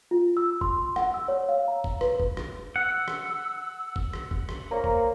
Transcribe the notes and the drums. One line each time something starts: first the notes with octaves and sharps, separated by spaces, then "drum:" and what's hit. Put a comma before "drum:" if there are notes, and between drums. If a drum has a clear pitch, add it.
F4
E6
C6, drum: kick F1
F#5, drum: rim click
E6
C#5
F5
A#5
drum: kick F1
B4, drum: rim click
drum: kick F1
drum: rim click
F#5 E6
drum: rim click
drum: kick F1
drum: rim click
drum: kick F1
drum: rim click
A#3 C5 C#5 A#5
drum: kick F1